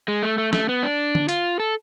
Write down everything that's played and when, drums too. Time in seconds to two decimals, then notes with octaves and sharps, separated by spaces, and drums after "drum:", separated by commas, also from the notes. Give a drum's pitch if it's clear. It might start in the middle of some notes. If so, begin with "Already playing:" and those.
0.08 G#3
0.23 A3
0.38 A3
0.53 A3, drum: snare
0.69 B3
0.83 D4
1.15 drum: tom D3
1.29 F4, drum: hi-hat
1.59 A4